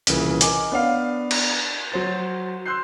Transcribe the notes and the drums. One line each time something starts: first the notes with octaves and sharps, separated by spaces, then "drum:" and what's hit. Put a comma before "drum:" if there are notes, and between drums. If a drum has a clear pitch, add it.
C2 A#2 C#3 E3, drum: hi-hat
A#4 D#5 G#5 D6, drum: hi-hat
B3 D4 F5
drum: cymbal
F#3 C5 A6
C6 E6 F#6 G6 C7